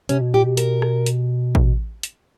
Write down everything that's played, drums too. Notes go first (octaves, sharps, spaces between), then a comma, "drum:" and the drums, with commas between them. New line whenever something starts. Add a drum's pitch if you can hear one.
C3 C#4, drum: hi-hat
B2
A#2 G4
B2
A#4, drum: hi-hat
drum: rim click
drum: hi-hat
drum: kick A1
drum: hi-hat